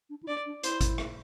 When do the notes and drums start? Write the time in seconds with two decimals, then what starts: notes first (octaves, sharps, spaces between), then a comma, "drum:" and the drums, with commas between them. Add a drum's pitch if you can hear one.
0.10 D4
0.23 E4
0.28 D4 D5
0.46 D4
0.63 E4 C5, drum: hi-hat
0.81 drum: kick G#1, hi-hat
0.98 drum: rim click